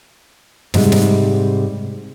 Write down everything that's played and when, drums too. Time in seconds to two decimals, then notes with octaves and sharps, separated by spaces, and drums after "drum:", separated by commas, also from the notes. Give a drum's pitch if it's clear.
0.74 G#2 C3 G3 G#3, drum: snare
0.92 drum: snare